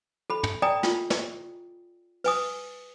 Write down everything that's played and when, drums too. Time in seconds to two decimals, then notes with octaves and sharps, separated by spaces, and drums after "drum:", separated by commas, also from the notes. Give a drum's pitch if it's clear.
0.30 A4 B5
0.43 drum: tom
0.62 D5 G5 G#5 A#5 D#6
0.83 F4, drum: snare
1.10 drum: snare
2.24 B4 G#5 D#6, drum: open hi-hat